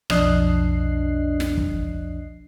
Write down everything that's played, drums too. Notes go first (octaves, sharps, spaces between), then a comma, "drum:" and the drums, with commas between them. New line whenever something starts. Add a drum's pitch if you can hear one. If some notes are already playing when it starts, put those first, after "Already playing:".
B1 F2 D4 D#5 F#6 C7, drum: rim click
drum: snare
drum: kick